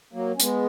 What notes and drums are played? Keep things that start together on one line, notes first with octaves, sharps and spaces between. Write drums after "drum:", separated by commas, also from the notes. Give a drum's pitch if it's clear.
F#3 A#3
C#4
G#3 B3, drum: hi-hat